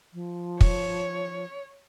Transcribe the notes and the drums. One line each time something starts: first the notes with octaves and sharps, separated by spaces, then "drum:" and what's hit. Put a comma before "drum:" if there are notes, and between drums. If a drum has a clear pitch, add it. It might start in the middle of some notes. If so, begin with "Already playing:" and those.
F3
C#5, drum: kick